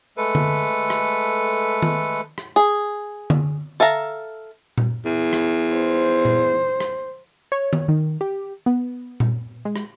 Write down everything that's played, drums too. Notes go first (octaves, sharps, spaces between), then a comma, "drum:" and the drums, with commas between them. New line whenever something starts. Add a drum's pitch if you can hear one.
G#3 A3 A4 B4
drum: tom D3
drum: rim click
drum: tom D#3
drum: rim click
G#4
drum: tom D3
A4 E5 F5 A#5
drum: tom A#2
E2
drum: rim click
C5
drum: tom A#2
drum: rim click
C#5
drum: tom D#3
D#3
G4
B3
drum: tom A#2
G#3
drum: rim click